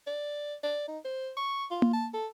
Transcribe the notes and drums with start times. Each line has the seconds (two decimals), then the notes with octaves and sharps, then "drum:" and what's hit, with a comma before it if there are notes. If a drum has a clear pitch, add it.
0.07 D5
0.63 D5
0.88 D#4
1.05 C5
1.37 C#6
1.71 F4
1.82 drum: tom A#3
1.93 A5
2.14 A4